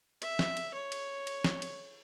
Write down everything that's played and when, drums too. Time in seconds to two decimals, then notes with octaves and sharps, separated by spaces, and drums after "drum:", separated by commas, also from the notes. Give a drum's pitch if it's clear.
0.22 E5, drum: cymbal
0.39 drum: snare
0.57 drum: cymbal
0.74 C#5
0.92 drum: cymbal
1.27 drum: cymbal
1.44 drum: snare
1.62 drum: cymbal